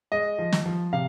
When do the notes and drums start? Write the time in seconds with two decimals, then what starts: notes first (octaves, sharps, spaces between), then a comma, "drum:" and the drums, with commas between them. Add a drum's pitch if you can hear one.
0.12 G#3 D#5
0.39 F3
0.53 drum: snare
0.66 F3
0.93 C3 F5